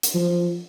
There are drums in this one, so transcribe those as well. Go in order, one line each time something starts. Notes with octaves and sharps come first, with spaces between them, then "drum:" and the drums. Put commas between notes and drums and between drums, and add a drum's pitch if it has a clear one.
drum: hi-hat
F3